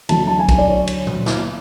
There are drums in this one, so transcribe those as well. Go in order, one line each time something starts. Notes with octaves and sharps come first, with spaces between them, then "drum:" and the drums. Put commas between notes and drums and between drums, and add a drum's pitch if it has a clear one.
D2 D3 F#3 A5, drum: cymbal
A5
G#5
drum: kick, cymbal
D5
C#5
drum: cymbal
drum: tom A#2
drum: snare